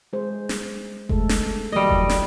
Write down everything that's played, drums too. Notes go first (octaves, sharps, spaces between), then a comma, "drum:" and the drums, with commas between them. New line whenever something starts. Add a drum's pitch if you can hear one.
G#3 G#4 C5
drum: snare
G#3 A3 A4, drum: kick F1
drum: snare
E3 F#3 G3 A#3 D#5
drum: kick F1
drum: snare